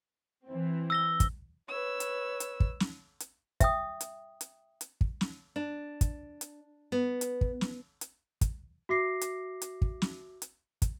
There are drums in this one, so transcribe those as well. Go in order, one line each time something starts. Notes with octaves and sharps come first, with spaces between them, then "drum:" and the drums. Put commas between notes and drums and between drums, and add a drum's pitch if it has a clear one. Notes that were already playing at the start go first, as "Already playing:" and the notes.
E3 C4
E6 A#6 G7
drum: kick, hi-hat
B4 C#5 E6
drum: hi-hat
drum: hi-hat
drum: kick
drum: snare
drum: hi-hat
E5 G5 D#6, drum: kick, hi-hat
drum: hi-hat
drum: hi-hat
drum: hi-hat
drum: kick
drum: snare
D4
drum: kick, hi-hat
drum: hi-hat
B3
drum: hi-hat
drum: kick
drum: snare
drum: hi-hat
drum: kick, hi-hat
F#4 E5 D6 A#6 C7
drum: hi-hat
drum: hi-hat
drum: kick
drum: snare
drum: hi-hat
drum: kick, hi-hat